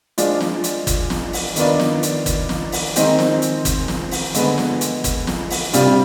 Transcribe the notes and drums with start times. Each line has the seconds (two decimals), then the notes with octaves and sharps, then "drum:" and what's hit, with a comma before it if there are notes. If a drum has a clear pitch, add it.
0.18 F3 G#3 D4 F4, drum: hi-hat
0.40 drum: snare
0.64 drum: hi-hat
0.87 drum: kick, hi-hat
1.10 drum: snare
1.33 drum: open hi-hat
1.56 D#3 B3 D4 F4, drum: hi-hat
1.80 drum: snare
2.03 drum: hi-hat
2.26 drum: kick, hi-hat
2.49 drum: snare
2.72 drum: open hi-hat
2.96 D#3 G#3 C4 D#4, drum: hi-hat
3.19 drum: snare
3.42 drum: hi-hat
3.65 drum: kick, hi-hat
3.88 drum: snare
4.11 drum: open hi-hat
4.34 D3 G#3 B3, drum: hi-hat
4.58 drum: snare
4.81 drum: hi-hat
5.04 drum: kick, hi-hat
5.27 drum: snare
5.50 drum: open hi-hat
5.73 C3 G3 D4 F4, drum: hi-hat